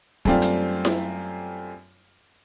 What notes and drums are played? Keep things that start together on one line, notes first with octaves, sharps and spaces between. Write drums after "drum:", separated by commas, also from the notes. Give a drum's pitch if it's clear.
F#2 G3 A3 C4 D4 F4, drum: kick
drum: hi-hat
drum: snare E4